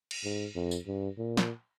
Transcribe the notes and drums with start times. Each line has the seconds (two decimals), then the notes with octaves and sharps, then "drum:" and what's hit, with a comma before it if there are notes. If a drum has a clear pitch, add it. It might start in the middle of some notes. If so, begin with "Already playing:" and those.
0.11 drum: cymbal
0.24 G#2
0.55 F2
0.71 drum: tambourine
0.87 G2
1.18 A#2
1.37 drum: snare